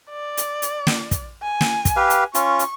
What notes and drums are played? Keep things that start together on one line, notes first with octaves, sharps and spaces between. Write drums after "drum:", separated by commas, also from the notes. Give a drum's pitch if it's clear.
D5
drum: hi-hat
drum: hi-hat
drum: snare
drum: kick, hi-hat
G#5
drum: snare
drum: kick, hi-hat
G4 B4 F5
drum: hi-hat
C#4 F4 C#6, drum: hi-hat
drum: hi-hat